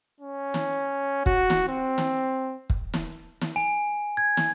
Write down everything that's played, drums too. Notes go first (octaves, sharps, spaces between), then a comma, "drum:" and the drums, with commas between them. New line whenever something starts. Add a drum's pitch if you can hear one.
C#4
drum: snare
F#4, drum: kick
drum: snare
C4
drum: snare
drum: kick
drum: snare
drum: snare
G#5
G#6
drum: snare